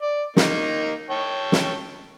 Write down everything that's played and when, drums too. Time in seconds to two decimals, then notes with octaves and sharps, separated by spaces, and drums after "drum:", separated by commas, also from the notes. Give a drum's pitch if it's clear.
0.02 D5
0.37 A#3 D#4, drum: snare
1.10 C#5 G5 A5
1.52 drum: snare